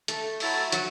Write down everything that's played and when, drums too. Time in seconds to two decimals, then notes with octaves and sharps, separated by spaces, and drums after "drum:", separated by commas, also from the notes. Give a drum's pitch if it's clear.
0.08 A3, drum: hi-hat
0.40 F#3 A3 E4, drum: open hi-hat
0.72 F#3, drum: hi-hat